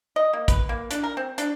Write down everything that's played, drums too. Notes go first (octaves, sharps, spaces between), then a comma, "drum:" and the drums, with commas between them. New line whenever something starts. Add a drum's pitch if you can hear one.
D#5
A#3
B4, drum: kick A1, hi-hat
A#3
D4, drum: hi-hat
A#4
C4
D4, drum: hi-hat